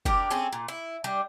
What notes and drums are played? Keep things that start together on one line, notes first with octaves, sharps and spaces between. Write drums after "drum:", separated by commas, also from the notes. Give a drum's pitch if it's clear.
D4 G4 A#4, drum: kick
C4 C#4 G#4 A4
A#2
E4
G3 D4